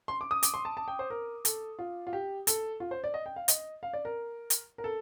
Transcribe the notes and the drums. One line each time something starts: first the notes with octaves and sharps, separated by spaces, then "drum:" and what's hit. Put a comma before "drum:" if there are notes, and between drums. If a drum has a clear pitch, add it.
C6
D6
D#6
D6, drum: hi-hat
C6
A5
A5
G5
C5
A#4
A4, drum: hi-hat
F4
F4
G4
A4, drum: hi-hat
F4
C5
D5
D#5
G5
F5
D#5, drum: hi-hat
F5
D5
A#4
drum: hi-hat
A#4
A4